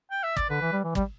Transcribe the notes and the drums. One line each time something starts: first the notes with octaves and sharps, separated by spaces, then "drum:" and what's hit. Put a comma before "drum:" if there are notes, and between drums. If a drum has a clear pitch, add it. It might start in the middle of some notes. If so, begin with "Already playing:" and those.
G5
E5
D5, drum: kick
D3 B4
E3
G3
E3
G3, drum: kick